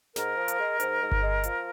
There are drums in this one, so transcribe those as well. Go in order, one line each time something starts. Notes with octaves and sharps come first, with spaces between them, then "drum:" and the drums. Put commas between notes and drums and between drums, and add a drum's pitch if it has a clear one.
G#2 A#4, drum: snare
F3
drum: hi-hat
G#3
G#2, drum: hi-hat
G#2
drum: kick G1
G#3
F3, drum: hi-hat